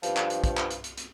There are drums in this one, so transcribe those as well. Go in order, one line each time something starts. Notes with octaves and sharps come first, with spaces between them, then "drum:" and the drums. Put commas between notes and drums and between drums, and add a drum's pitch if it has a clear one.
G2 F3, drum: hi-hat
drum: clap
drum: hi-hat
drum: kick, hi-hat
drum: clap
drum: hi-hat
drum: hi-hat
drum: hi-hat